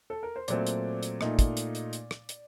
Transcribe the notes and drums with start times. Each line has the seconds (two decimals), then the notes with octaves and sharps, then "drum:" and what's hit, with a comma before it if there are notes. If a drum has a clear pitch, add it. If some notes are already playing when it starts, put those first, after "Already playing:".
0.10 A4
0.23 A#4
0.36 C5
0.48 A#2 F#3 A3 C4 D5, drum: hi-hat
0.67 drum: hi-hat
1.03 drum: hi-hat
1.21 A#2 A3 D#4, drum: rim click
1.39 drum: kick, hi-hat
1.57 drum: hi-hat
1.75 drum: hi-hat
1.93 drum: hi-hat
2.11 drum: rim click
2.29 drum: hi-hat